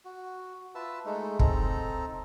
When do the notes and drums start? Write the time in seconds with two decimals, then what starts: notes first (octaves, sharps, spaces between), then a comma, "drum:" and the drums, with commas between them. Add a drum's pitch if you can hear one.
0.05 F#4
0.75 F4 B4 E5 A5 E6
1.05 G#3 A3 D#4
1.39 C4 D#4 A4 A#5, drum: kick